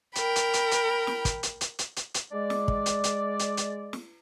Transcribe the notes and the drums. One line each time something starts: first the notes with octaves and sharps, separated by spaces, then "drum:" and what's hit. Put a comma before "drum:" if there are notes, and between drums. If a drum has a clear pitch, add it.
A#4 G5 B5, drum: hi-hat
drum: hi-hat
drum: hi-hat
drum: hi-hat
drum: snare
drum: kick, hi-hat
drum: hi-hat
drum: hi-hat
drum: hi-hat
drum: hi-hat
drum: hi-hat
G#3 D5
drum: snare
drum: kick
drum: hi-hat
drum: hi-hat
drum: hi-hat
drum: hi-hat
drum: snare